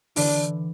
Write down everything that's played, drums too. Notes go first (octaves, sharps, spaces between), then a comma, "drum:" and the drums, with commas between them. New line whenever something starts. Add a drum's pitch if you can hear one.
D3 E3 D4, drum: open hi-hat